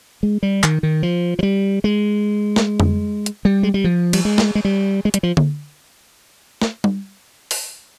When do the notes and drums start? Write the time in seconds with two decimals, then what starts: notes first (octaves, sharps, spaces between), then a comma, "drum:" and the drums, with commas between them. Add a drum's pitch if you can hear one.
0.23 G#3
0.43 G3
0.63 D#3, drum: clap
0.83 D#3
1.03 F3
1.39 F3
1.43 G3
1.84 G#3
2.56 drum: snare
2.80 drum: tom F2
3.26 drum: hi-hat
3.45 G3
3.63 G#3
3.74 G3
3.84 F3
4.13 G3, drum: cymbal
4.25 G#3
4.38 drum: snare
4.55 G#3
4.65 G3
5.05 G#3
5.14 G3, drum: hi-hat
5.23 F3
5.37 drum: tom D3
6.62 drum: snare
6.84 drum: tom G3
7.51 drum: open hi-hat